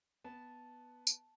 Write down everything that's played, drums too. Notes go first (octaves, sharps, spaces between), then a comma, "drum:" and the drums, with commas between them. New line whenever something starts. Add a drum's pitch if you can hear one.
B3 A5
drum: tambourine